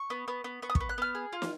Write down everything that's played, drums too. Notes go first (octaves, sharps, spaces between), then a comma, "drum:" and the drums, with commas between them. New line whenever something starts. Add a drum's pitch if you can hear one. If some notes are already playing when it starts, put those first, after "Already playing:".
Already playing: C#6
B3
B3
B3
B3 C#6
D#6
C#6, drum: kick
B3
F#6
B3 F6
G#4
F4
drum: snare